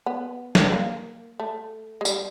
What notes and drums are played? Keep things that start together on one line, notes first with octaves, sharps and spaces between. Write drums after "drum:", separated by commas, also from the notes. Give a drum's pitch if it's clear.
B3
drum: snare
A#3
A3
G#3
G3, drum: tambourine